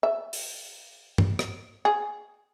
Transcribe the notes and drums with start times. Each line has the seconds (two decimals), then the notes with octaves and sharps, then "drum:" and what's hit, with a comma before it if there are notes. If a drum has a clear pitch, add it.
0.03 E5
0.33 drum: open hi-hat
1.18 drum: tom
1.39 drum: rim click
1.85 G#4